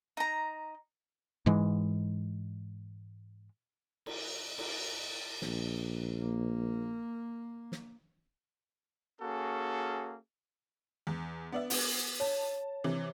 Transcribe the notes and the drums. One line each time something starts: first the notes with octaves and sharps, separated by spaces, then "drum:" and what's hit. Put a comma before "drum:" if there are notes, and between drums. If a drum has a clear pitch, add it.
D#4 A#5
G#2 E3 G#3
drum: cymbal
drum: cymbal
A#1, drum: snare
A#3
drum: snare
A#3 C#4 F#4 G#4 A4
E2
B3 D5 E5
B3, drum: open hi-hat
C#5 A5
C3 E3